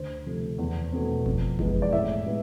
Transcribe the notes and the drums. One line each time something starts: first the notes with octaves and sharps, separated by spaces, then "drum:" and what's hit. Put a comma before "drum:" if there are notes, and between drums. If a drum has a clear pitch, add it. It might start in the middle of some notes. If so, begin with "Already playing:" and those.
Already playing: D2 C5
C3 F3 A3
E2
B2 A3 C4
F2, drum: kick F#1
E3 G#3 B3, drum: kick F#1
D5
A2 E5
G#3 B3